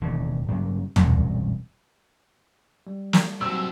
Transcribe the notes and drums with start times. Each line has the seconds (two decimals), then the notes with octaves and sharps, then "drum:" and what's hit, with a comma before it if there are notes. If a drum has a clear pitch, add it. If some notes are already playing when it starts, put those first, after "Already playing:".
0.01 E1 D#2 C#3 E3
0.48 G2 C#3 F#3 A#3
0.96 E1 C2 F#2 A#2, drum: tom
2.87 G3
3.13 drum: snare
3.41 C3 F#3 E6